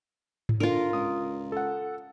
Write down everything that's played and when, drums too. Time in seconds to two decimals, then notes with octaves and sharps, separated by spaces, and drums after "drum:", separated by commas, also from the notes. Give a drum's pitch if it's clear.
0.49 drum: tom G#2
0.60 D3 F4 A#4
0.93 C#2 D#6
1.52 A4 F#5